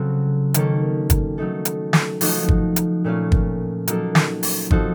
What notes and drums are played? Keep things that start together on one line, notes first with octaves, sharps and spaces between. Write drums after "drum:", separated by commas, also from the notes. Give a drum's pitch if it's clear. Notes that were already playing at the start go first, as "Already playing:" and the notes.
Already playing: C#3 F#3 C4 F#4 A4
D#3 A#3 C#4 A4, drum: hi-hat
drum: kick, hi-hat
F#3 A3 D#4 A4
drum: hi-hat
drum: snare
F3 A3 D#4 F#4, drum: open hi-hat
drum: kick
drum: hi-hat
A#2 A3 C#4 F4
drum: kick
F#3 A#3 D#4 A4, drum: hi-hat
drum: snare
drum: open hi-hat
F3 C4 D#4 F#4 A4, drum: kick